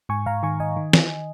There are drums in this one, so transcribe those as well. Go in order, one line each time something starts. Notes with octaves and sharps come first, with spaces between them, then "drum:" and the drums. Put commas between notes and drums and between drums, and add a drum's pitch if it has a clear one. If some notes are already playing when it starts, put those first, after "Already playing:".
G#2 G#5 C#6
G#2 F5 A#5
D#3 G#5 C#6
G#2 D#5 G#5
D#3
D#3, drum: snare